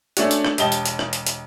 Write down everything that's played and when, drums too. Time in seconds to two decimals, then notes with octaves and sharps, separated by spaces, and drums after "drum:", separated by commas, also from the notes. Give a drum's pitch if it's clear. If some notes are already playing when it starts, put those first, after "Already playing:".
0.17 A3 C#4 D4 F#4, drum: hi-hat
0.31 drum: hi-hat
0.45 drum: rim click
0.58 E1 G4 D#5 A5 G7, drum: hi-hat
0.72 drum: hi-hat
0.86 drum: hi-hat
0.99 drum: rim click
1.13 drum: hi-hat
1.27 drum: hi-hat